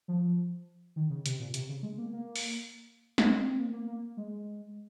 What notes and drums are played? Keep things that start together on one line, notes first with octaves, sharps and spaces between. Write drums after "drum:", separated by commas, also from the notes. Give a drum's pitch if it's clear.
F3
D#3
C#3
C3, drum: hi-hat
A#2
C3, drum: hi-hat
C#3
G#3
A#3
A#3
drum: open hi-hat
A#3, drum: snare
C4
C4
A#3
A#3
A#3
G#3